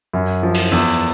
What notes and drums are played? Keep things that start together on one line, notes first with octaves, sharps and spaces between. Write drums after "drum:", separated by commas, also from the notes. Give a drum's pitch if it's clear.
F#2
F3
drum: open hi-hat
E2